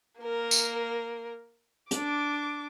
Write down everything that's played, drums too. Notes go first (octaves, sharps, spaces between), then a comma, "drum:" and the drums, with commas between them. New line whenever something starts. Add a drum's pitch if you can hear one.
A#3 A#4
drum: tambourine
D4 D6, drum: hi-hat